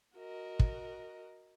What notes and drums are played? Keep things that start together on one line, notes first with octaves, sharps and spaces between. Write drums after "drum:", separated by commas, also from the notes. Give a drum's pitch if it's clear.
F#4 A#4 D#5
drum: kick